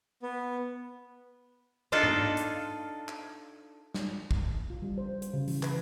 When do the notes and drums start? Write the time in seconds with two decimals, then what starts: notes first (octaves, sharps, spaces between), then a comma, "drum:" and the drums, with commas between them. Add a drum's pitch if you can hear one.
0.22 B3
1.92 D4 D#4 F4 A4 D5
2.03 drum: tom G#2
2.37 drum: hi-hat
3.09 drum: clap
3.94 drum: snare
4.31 drum: kick
4.70 F4
4.82 G3
4.98 C5
5.22 C5, drum: hi-hat
5.33 C#3
5.48 E3, drum: open hi-hat
5.63 B4, drum: clap